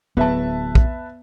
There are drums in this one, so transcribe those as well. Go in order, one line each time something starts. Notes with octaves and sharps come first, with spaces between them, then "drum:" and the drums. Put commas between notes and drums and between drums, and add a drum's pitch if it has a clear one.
D1 F#3 B3 B4 E5 A5
drum: kick